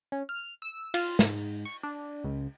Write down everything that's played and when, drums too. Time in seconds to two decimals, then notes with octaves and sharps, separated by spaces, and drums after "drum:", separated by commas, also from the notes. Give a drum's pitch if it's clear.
0.12 C#4
0.29 F6
0.62 E6
0.94 F4, drum: cymbal
1.19 G#2, drum: snare
1.65 C#6
1.83 D4
2.24 C#2